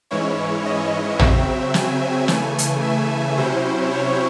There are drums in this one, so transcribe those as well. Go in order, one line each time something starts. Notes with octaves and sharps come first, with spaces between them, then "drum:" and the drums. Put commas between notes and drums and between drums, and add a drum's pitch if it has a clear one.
G#2 E3 G#3 C#4 E4 C#5
D#5
C#3 F#3 C4 E5, drum: tom
G#5, drum: snare
C#3 E3 A3 G#5, drum: snare
drum: hi-hat
E5
C3 F#3 C#4 E4 C5
C#5